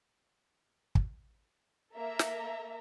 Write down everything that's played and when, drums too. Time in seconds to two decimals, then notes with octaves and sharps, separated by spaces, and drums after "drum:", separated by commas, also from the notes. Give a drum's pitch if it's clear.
0.95 drum: kick
1.94 A#3 A4 E5 A#5
2.19 drum: snare